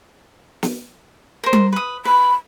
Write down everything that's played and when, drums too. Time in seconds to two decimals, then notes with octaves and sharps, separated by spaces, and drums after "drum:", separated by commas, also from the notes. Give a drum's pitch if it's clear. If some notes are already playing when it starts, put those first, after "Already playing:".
0.63 drum: snare
1.44 A#4 C5
1.53 drum: tom G3
1.73 B4 D#6
2.05 B4 B5